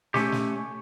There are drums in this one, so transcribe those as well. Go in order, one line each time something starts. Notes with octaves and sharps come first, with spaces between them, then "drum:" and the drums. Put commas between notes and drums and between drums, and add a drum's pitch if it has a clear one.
A3 C#4 G4, drum: snare
drum: snare